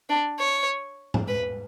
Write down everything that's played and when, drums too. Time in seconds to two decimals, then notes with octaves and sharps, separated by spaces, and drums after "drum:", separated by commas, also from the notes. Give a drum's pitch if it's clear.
0.10 D4
0.39 C#5
1.14 drum: tom G#2
1.28 B4